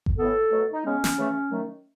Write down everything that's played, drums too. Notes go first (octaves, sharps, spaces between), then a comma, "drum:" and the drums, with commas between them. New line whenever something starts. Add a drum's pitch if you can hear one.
drum: kick G#1
A2 E3 B3 A4
B2 F#3 A3
D#4
C#3 G#3 B3 C#4
drum: snare
C#3 E3 A3
D#3 F#3 A3